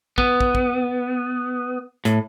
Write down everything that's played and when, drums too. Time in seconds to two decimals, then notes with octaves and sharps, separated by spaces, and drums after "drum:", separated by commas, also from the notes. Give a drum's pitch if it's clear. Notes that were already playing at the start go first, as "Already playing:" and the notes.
0.18 B3, drum: kick
0.41 drum: kick
0.55 drum: kick
2.05 A2, drum: hi-hat